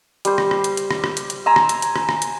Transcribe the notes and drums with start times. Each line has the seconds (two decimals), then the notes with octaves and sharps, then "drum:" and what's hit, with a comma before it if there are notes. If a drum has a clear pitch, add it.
0.25 G3 C5, drum: hi-hat
0.38 drum: rim click
0.51 drum: rim click
0.64 drum: hi-hat
0.77 drum: hi-hat
0.91 drum: rim click
1.04 drum: rim click
1.17 drum: hi-hat
1.30 drum: hi-hat
1.46 G#5 A#5 C6 E6
1.56 drum: rim click
1.69 drum: hi-hat
1.82 drum: hi-hat
1.96 drum: rim click
2.09 drum: rim click
2.22 drum: hi-hat